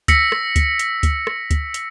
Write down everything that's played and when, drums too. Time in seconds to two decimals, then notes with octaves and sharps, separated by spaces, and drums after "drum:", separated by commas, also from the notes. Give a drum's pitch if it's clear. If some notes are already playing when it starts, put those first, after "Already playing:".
0.08 E6 A#6 B6 C#7, drum: kick D2, hi-hat
0.32 drum: rim click
0.56 drum: kick D2, hi-hat
0.79 drum: hi-hat
1.03 drum: kick D2, hi-hat
1.27 drum: rim click
1.51 drum: kick D2, hi-hat
1.74 drum: hi-hat